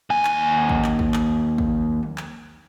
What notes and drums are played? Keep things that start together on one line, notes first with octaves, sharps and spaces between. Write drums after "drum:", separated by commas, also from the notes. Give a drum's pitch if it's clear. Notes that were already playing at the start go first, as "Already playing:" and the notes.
D#2 G#5
drum: clap
drum: kick A1
drum: clap
drum: kick A1
drum: clap
drum: kick A1
drum: tom F3
drum: clap